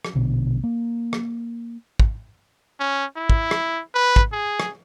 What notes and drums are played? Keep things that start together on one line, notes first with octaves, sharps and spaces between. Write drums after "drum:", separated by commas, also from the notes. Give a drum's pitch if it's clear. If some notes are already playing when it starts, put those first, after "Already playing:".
drum: rim click
A#1 B2 D3
A#3
drum: rim click
drum: kick
C#4
E4
drum: kick
drum: rim click
B4
drum: kick
G#4
drum: rim click